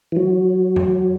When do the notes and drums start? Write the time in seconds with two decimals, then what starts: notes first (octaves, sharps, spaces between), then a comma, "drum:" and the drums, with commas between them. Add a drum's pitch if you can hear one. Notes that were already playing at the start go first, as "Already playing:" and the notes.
0.12 E3
0.17 F#3
0.76 drum: tom F2